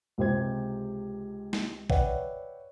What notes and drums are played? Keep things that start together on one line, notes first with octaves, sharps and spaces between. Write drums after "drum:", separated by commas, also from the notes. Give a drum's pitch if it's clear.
C#2 C3 G4 C5 G#6
drum: snare
B4 C#5 D5 E5 F#5 G5, drum: kick A1